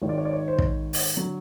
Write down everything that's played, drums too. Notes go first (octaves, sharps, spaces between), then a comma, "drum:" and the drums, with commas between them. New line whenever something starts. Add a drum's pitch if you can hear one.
G#1 G#2 D#3 C#5
D5
C#5
D5
C#5
C5
C#5, drum: kick
drum: open hi-hat
D3 F#3